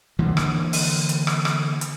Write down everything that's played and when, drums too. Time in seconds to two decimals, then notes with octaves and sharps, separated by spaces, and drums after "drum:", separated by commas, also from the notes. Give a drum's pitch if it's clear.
0.19 D3 E3 A#3
0.37 drum: rim click
0.73 drum: open hi-hat
1.09 drum: hi-hat
1.27 drum: rim click
1.45 drum: rim click
1.81 drum: hi-hat